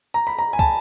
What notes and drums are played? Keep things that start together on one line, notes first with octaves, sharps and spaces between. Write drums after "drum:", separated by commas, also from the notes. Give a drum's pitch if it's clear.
A#5
B5
A#5
G#5
A5, drum: kick